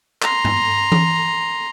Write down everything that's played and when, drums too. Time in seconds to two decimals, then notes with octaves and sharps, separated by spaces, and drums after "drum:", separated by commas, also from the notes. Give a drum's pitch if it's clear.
0.22 A#5 C6, drum: clap
0.45 drum: tom G2
0.92 drum: tom E3